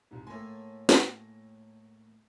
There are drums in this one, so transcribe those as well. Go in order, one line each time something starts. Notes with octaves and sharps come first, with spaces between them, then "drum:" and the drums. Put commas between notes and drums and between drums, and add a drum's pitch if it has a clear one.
C2 G#2
A2 A3 A#3 G#5 C6
drum: snare